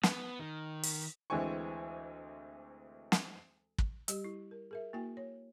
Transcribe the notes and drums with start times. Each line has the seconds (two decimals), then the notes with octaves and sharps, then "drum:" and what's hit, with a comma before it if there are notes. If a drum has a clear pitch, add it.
0.03 B3, drum: snare
0.39 D#3
0.83 drum: open hi-hat
1.30 D2 E3 G#3 C4 G#5 C#6
3.12 drum: snare
3.78 drum: kick
4.08 G3 G4, drum: hi-hat
4.24 E4
4.51 A#4
4.71 G#4 A#4 E5
4.93 A#3 E4 F#4 G5 G#5
5.17 C#5